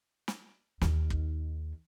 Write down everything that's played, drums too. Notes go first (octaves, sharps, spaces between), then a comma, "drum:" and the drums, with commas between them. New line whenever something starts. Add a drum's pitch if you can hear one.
drum: snare
D#2 D#3, drum: snare
drum: kick